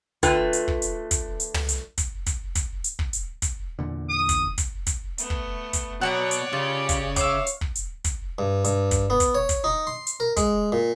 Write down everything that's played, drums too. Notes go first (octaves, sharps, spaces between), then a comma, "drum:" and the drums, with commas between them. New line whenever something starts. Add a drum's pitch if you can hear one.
D3 A3 F4 B4 G5, drum: kick, hi-hat
drum: hi-hat
drum: kick
drum: hi-hat
drum: kick, hi-hat
drum: hi-hat
drum: tom
drum: hi-hat
drum: kick, hi-hat
drum: kick, hi-hat
drum: kick, hi-hat
drum: hi-hat
drum: kick
drum: hi-hat
drum: kick, hi-hat
E2 A#2 D3
D#6
drum: kick, hi-hat
drum: kick, hi-hat
drum: kick, hi-hat
A3 B3, drum: hi-hat
drum: kick
drum: kick, hi-hat
B2 F#3 C#5 D5 F#5 A5 A#5
drum: hi-hat
C#3 F4 G4
drum: kick, hi-hat
C#5 E5 F5 D6, drum: kick, hi-hat
drum: hi-hat
drum: kick
drum: hi-hat
drum: kick, hi-hat
G2
G2, drum: hi-hat
drum: kick, hi-hat
B3
drum: kick, hi-hat
C#5
drum: kick, hi-hat
D#4
C6
drum: hi-hat
A#4
G#3, drum: kick, hi-hat
A#2